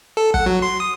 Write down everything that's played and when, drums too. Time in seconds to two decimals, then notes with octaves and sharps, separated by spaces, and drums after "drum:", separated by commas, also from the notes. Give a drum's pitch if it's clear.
0.17 A4
0.34 F#5, drum: kick
0.46 F#3
0.62 C6
0.80 D#6